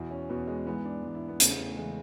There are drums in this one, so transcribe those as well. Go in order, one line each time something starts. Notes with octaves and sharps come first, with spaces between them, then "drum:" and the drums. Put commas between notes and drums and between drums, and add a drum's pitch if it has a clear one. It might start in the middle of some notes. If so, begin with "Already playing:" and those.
Already playing: E2 B2 E4
C#4
E2 B2 B3
G#3
G#2 E3 B3
D4
G#2 E3
E4
B3
E2 C#3 E3 A3, drum: hi-hat
A3
C#3 E3 G#3